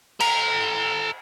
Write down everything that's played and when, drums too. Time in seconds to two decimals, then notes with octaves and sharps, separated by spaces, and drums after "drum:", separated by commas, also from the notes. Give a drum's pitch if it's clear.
0.20 A4 A#5, drum: cymbal